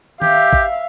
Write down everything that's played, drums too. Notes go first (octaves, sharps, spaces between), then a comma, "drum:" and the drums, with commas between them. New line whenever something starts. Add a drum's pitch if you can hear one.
G4 E5 F5, drum: tom D#3
drum: kick